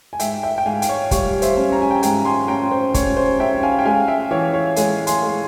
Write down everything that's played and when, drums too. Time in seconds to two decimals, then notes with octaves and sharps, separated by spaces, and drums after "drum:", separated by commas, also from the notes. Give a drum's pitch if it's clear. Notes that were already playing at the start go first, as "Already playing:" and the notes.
0.13 G#5
0.20 G#2 E5 G5, drum: hi-hat
0.43 E5 G5
0.58 G5
0.66 G#2 F5 G#5
0.82 G5, drum: hi-hat
0.89 C#5 F5
1.11 G3 C#5 F5, drum: kick, hi-hat
1.42 C5 E5, drum: hi-hat
1.57 C#4
1.72 A#5
1.82 G#5
1.91 G5 A#5
2.03 G#2 G5 A#5, drum: hi-hat
2.25 G#5 C6
2.48 C#4 G5 A#5
2.71 C5
2.94 C#4 C#5, drum: kick, hi-hat
3.17 C5
3.39 C#4 E5 G5
3.63 F5 G#5
3.79 G5
3.85 G#3 F5 G#5
4.08 E5 G5
4.31 E3 C#5 F5
4.54 C#5 F5
4.76 G#3 F5 G#5, drum: hi-hat
5.07 G#5 C6, drum: hi-hat
5.23 G#3